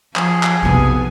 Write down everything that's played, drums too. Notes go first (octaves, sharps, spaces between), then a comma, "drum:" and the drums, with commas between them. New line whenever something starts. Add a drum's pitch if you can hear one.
F3 G#4, drum: clap
drum: clap
B1 F2 C3 B3 G#5